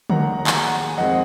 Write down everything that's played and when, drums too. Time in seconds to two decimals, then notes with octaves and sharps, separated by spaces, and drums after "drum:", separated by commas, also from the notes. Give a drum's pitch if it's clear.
0.10 D#2 D#3 F#3 F#5 A#5, drum: tom D3
0.39 A#5
0.47 G#5, drum: clap
0.55 F#5 A#5
0.89 G#5
0.97 F2 D#3 G#3 C4 D#5 F#5